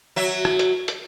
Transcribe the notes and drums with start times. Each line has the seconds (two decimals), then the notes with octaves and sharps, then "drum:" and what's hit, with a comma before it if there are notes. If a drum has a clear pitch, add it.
0.16 F#3 E5
0.45 drum: rim click
0.59 drum: hi-hat
0.88 drum: hi-hat